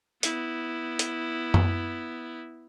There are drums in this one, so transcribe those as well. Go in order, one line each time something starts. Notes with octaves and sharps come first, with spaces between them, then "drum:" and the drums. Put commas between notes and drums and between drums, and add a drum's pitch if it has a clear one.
B3 E4, drum: hi-hat
drum: hi-hat
drum: tom F#2